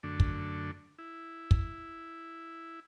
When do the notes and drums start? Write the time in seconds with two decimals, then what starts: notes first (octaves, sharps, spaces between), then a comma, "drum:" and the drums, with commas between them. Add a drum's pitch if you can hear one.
0.03 F#2 D3 A3 D4
0.20 drum: kick
0.99 E4
1.51 drum: kick